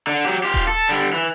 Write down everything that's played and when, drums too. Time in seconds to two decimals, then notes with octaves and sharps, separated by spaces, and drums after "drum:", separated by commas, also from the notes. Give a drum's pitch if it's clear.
0.07 D3
0.25 F#3 G4
0.43 F4 G4
0.54 drum: kick D#1
0.68 A4
0.89 D3 G3
1.13 E3